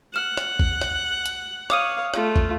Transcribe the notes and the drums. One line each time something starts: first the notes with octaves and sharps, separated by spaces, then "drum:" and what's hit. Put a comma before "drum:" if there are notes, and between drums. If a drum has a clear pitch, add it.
F#5 F6 E7
drum: rim click
drum: kick
drum: rim click
drum: hi-hat
C#5 F5 D6 D#6 D#7, drum: rim click
A3 F4, drum: rim click
drum: kick